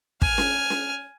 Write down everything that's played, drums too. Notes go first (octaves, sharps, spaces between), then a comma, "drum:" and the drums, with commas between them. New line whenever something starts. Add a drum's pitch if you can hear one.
G#5 F6, drum: kick
drum: snare C#4
drum: snare C#4